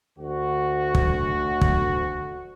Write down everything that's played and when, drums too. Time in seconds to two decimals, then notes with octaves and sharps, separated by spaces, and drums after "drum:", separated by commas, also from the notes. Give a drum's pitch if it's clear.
0.18 D2 F#4
0.95 drum: kick
1.61 drum: kick